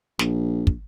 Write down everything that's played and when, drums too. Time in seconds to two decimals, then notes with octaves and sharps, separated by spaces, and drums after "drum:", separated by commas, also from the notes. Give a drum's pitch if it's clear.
0.19 A#1, drum: snare
0.67 drum: kick